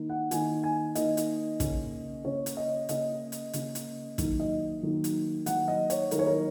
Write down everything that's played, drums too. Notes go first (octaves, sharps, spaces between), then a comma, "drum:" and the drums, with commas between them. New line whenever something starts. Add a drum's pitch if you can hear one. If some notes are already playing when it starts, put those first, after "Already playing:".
Already playing: D#3 A#3 D#4
F#5
D#3 A#3 D#4 G#5, drum: hi-hat
G#5
D#3 A#3 D#4 D#5, drum: hi-hat
drum: hi-hat
C#3 A#3 C#4, drum: kick, hi-hat
C#3 A#3 C#4 C#5
drum: hi-hat
D#5
C#3 A#3 C#4 D#5, drum: hi-hat
drum: hi-hat
C#3 A#3 C#4, drum: hi-hat
drum: hi-hat
D#3 F#3 A#3 D#4, drum: kick, hi-hat
D#5
D#3 F#3 A#3 D#4
drum: hi-hat
D#3 F#3 A#3 D#4 F#5, drum: hi-hat
D#5
C#5, drum: hi-hat
D#3 F#3 A#3 D#4 A#4, drum: hi-hat
C#5
A#4